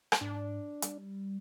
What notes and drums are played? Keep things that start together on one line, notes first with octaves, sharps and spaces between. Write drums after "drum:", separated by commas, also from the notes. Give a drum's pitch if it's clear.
drum: rim click
G#2 D4
G3, drum: hi-hat